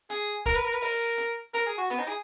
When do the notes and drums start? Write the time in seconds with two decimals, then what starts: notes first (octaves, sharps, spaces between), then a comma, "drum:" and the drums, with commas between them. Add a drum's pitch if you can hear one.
0.10 G#4, drum: hi-hat
0.46 A#4, drum: kick, hi-hat
0.55 B4
0.64 A#4
0.73 B4
0.82 A#4, drum: open hi-hat
1.18 drum: hi-hat
1.54 A#4, drum: hi-hat
1.66 G#4
1.78 F#4
1.90 B3, drum: hi-hat
1.99 D#4
2.08 G#4